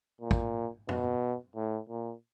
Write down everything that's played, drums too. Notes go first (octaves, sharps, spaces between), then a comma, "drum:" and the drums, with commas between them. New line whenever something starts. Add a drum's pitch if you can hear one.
A#2
drum: kick
B2, drum: tom
A2
A#2